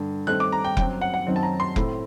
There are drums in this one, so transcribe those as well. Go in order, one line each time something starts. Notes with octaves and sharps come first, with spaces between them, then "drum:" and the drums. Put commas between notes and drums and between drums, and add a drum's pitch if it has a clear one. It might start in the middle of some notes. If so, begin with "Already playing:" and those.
Already playing: G2 D3 G3
G2 D#3 A3 C4 F#6
D6
A#5
G5
F#2 F#3 C4 G5, drum: kick F1
F#5
F#5
F#2 D#3 F#3 C4
A5
A#5
C6
A2 A3 C4, drum: kick F1